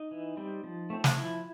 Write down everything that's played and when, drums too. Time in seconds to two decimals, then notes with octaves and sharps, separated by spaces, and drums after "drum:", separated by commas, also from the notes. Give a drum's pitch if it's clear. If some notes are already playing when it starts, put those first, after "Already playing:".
Already playing: D#4
0.11 E3
0.37 G3 C4
0.64 F3
0.90 A3 C4
1.04 drum: snare
1.15 F3 E4